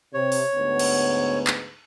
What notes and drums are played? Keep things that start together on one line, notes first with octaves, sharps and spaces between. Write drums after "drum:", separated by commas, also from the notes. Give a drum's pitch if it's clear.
C3 C#5
drum: open hi-hat
D2 G#2 B3
drum: cymbal
drum: clap